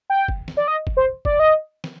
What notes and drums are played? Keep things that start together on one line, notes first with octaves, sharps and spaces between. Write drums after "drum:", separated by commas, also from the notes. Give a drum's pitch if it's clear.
G5
drum: kick
drum: snare
D5
D#5
drum: kick
C5
D5, drum: kick
D#5
drum: snare